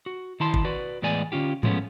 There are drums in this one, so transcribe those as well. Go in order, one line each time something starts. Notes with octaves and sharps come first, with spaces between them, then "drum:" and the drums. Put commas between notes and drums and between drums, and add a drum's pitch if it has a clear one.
F#4
D#3 E4 A5 C6
drum: kick
F#4 B4 D5
A2 E3 G#3 B3 D5 G#5
D3 C#4 F4 G4
F3 G#3 A3 B3 C#4, drum: tom G#2